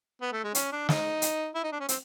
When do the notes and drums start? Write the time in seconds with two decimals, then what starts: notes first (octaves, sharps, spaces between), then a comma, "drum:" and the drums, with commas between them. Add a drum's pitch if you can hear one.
0.22 B3
0.33 A3
0.44 G#3
0.55 C#4, drum: hi-hat
0.72 D4
0.89 D#4, drum: snare
1.22 drum: hi-hat
1.55 E4
1.64 D#4
1.72 D4
1.80 C#4
1.89 C4, drum: hi-hat